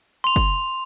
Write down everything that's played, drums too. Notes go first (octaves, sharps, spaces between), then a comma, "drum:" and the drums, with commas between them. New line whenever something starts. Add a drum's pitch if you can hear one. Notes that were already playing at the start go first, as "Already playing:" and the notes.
C6 F7
drum: kick G1